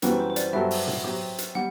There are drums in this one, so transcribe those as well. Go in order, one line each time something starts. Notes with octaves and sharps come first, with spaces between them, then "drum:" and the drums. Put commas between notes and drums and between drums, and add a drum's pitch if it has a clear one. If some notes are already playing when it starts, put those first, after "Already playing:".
F#2 E3 G3 C4 F#4 B4, drum: hi-hat
C5
C5
D5, drum: hi-hat
G2 F#3 C4 F#4 A4 E5
drum: open hi-hat
drum: tom
F#3 C4 G4
drum: hi-hat
G3 F#5